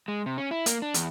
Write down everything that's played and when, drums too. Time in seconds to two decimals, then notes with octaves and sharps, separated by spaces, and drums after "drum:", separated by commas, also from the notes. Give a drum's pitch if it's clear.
0.08 G#3
0.26 C3
0.38 C#4
0.51 E4
0.66 A#3, drum: hi-hat
0.82 D4
0.94 E2, drum: hi-hat